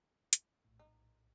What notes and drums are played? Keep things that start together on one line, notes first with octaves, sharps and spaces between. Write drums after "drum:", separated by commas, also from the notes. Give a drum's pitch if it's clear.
drum: hi-hat
A#1 A2
D#4